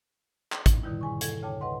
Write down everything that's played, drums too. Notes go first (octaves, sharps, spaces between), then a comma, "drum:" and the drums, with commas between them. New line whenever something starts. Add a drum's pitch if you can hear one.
drum: clap
drum: kick, hi-hat
F2 B2 D3 D#3 G3 E4
G#2 G#5 C#6
A4 G#6, drum: hi-hat
D2 C#3 C#5 G5 A5 D6
B4 D#5 F#5 C6